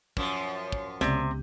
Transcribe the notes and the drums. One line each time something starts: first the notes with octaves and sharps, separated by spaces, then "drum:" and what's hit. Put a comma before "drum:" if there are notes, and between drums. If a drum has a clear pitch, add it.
F#2 F3, drum: kick
drum: kick
C#2 C3 B3, drum: snare